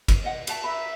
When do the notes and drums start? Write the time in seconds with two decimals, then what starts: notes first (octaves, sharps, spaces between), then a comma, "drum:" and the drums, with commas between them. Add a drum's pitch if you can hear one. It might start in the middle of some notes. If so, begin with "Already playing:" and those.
0.08 drum: kick, cymbal
0.24 D#5 F#5
0.47 F#4 E5 A5, drum: cymbal
0.63 F#4 E5 A#5 B5